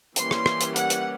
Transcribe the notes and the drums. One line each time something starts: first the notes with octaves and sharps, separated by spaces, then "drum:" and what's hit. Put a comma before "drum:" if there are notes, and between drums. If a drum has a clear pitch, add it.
E3 G3 A#3 C#4 C6, drum: hi-hat
drum: rim click
drum: rim click
drum: hi-hat
F#5, drum: hi-hat
drum: hi-hat